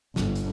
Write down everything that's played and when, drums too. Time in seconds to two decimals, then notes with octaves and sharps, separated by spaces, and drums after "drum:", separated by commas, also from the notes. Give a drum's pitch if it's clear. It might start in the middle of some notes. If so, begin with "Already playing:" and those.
0.16 G1, drum: snare
0.35 drum: hi-hat